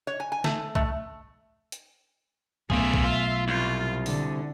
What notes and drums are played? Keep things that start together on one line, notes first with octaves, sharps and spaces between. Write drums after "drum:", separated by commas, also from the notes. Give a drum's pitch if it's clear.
C#5
G#5
G#5
A3, drum: snare
A3, drum: kick B1
drum: hi-hat
B1 A3 B3 F4 G#4 E5, drum: kick B1
drum: kick B1
F4
C2 F4
D3, drum: open hi-hat